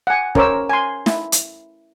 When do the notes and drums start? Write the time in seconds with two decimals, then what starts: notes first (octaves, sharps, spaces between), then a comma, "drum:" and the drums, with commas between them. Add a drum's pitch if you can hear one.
0.07 F#5 G#5
0.35 C#4 A#4 C5 C#5 D6 E6, drum: kick
0.69 G#5 C6
1.06 E4, drum: snare
1.32 drum: hi-hat